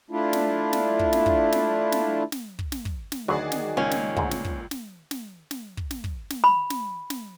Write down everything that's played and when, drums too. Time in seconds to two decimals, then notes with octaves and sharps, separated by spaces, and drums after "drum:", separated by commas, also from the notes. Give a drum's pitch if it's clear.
0.10 A3 D4 E4 F4
0.33 drum: snare
0.73 drum: snare
0.99 drum: kick
1.13 drum: snare
1.26 drum: kick
1.52 drum: snare
1.92 drum: snare
2.32 drum: snare
2.59 drum: kick
2.72 drum: snare
2.85 drum: kick
3.12 drum: snare
3.28 D2 D#3 F#3 F#4 G#4 D5
3.52 drum: snare
3.77 C#2 A#2 C#4
3.91 drum: snare
4.16 D2 G#2, drum: kick
4.31 drum: snare
4.45 drum: kick
4.71 drum: snare
5.11 drum: snare
5.51 drum: snare
5.77 drum: kick
5.91 drum: snare
6.04 drum: kick
6.30 drum: snare
6.44 B5
6.70 drum: snare
7.10 drum: snare